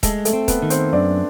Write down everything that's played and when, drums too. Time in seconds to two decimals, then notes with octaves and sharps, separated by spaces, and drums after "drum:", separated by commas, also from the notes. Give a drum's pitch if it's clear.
0.03 G#3 A3 A4, drum: kick D#1, hi-hat
0.25 A3 A4, drum: hi-hat
0.33 C4
0.48 B3 B4, drum: kick D#1, hi-hat
0.63 D#3
0.70 C4 C5, drum: hi-hat
0.93 F#2 D4 D5